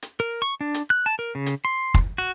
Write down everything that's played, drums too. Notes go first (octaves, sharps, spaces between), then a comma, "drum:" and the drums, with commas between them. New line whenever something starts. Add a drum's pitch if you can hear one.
drum: hi-hat
A#4
C#6
D4
drum: hi-hat
F#6
A5
A#4
C#3
drum: hi-hat
C6
drum: kick
F#4